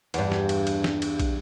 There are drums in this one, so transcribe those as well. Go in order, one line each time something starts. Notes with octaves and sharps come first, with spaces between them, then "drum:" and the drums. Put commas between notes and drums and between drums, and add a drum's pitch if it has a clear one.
E2 G2, drum: cymbal
drum: snare
drum: cymbal
drum: cymbal
drum: snare
drum: cymbal
drum: kick, cymbal